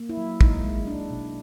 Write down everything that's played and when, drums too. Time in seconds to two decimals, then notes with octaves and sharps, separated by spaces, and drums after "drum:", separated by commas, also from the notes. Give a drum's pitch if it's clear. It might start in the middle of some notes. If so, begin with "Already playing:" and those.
Already playing: A#3
0.09 E4
0.17 F#3
0.41 G#3 D#4, drum: kick
0.65 G#3
0.87 G#3 D4
1.10 B2